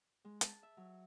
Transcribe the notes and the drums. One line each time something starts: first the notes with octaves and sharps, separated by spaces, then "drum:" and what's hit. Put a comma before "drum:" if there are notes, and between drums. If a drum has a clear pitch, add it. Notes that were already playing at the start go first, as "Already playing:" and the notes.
G#3
A5, drum: hi-hat
E5
F#3